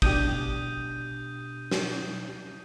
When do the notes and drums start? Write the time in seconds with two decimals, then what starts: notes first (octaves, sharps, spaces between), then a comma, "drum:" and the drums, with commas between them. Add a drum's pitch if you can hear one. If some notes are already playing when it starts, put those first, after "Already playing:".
0.02 B2 D4 G4 D#6 G6 D#7, drum: kick
1.71 drum: snare